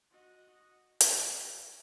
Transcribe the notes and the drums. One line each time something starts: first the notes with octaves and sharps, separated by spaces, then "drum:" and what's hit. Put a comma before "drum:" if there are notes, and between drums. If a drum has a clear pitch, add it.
F#4 D#5
A#4 C#5, drum: hi-hat